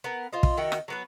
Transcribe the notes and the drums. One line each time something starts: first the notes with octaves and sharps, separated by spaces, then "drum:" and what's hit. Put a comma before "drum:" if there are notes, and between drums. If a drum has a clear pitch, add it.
B3 A#4
F4 C5 D#5
drum: kick
D#3 E4 F#4 G5
drum: rim click
F#3 B3 B4